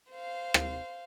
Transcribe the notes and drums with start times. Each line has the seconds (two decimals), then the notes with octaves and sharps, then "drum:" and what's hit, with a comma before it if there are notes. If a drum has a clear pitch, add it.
0.11 C5 F5
0.54 drum: rim click